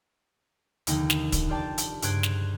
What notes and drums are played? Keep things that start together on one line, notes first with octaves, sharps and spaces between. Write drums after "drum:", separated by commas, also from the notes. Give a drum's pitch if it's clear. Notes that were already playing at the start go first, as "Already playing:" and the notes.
F1 D#2 D3 D#4 G5, drum: hi-hat
drum: snare
drum: kick, hi-hat
F4 G4 D5 G5 A5
drum: hi-hat
C#2 G2 C5 F#6 G#6 D7, drum: hi-hat
drum: snare